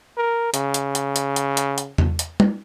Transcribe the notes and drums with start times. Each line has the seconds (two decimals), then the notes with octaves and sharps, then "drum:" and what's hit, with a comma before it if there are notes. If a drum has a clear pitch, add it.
0.17 A#4
0.54 C#3, drum: hi-hat
0.74 drum: hi-hat
0.95 drum: hi-hat
1.16 drum: hi-hat
1.36 drum: hi-hat
1.57 drum: hi-hat
1.78 drum: hi-hat
1.98 drum: tom E2
2.19 drum: hi-hat
2.40 drum: tom